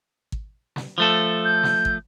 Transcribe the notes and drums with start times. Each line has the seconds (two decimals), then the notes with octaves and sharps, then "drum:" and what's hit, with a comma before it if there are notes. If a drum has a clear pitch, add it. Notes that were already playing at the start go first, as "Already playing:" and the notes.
0.32 drum: kick
0.76 drum: snare
0.98 F3 A3 A4
1.45 G6
1.63 drum: snare
1.85 drum: kick